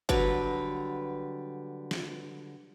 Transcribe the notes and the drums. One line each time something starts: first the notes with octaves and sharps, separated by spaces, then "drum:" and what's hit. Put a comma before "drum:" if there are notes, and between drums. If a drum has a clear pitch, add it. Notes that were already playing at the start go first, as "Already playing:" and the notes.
D3 F#3 G3 B4, drum: kick G1
drum: snare